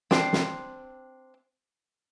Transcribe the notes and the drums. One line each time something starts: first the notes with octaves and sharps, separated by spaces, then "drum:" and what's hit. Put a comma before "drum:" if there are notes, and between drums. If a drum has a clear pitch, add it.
C4 D4 C5, drum: snare
drum: snare